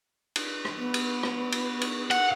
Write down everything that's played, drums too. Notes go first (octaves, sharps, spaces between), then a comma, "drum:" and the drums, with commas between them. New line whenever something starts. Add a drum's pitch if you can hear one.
drum: cymbal
drum: rim click
B3
drum: cymbal
drum: rim click
drum: cymbal
drum: cymbal
F#5, drum: cymbal